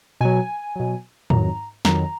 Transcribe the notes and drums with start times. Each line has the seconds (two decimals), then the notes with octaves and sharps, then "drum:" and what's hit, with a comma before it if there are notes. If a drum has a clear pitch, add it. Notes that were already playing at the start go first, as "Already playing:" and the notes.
0.21 B2 F#3 G#5
0.76 B2 F#3
1.30 F2 D#3 F#3 A#5, drum: tom G#2
1.85 F2 D#3 F#3 A#5, drum: snare